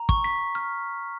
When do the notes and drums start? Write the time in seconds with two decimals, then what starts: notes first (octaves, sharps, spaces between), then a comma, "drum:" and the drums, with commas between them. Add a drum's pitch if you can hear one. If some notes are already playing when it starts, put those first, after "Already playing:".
Already playing: A#5
0.09 C#6, drum: kick
0.24 B6
0.55 F6